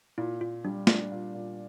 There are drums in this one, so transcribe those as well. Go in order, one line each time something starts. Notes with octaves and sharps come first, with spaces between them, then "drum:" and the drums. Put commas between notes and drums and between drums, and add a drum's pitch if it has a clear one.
A#2 E4
A#2 F4
G3 D4
D4, drum: snare
A#2
A#2